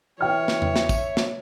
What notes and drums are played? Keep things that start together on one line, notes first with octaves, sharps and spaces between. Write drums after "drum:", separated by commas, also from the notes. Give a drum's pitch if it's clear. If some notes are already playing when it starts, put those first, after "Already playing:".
E3 C#5 E5 G5 F6
drum: snare
drum: tom E2
drum: snare
drum: kick, tambourine
drum: snare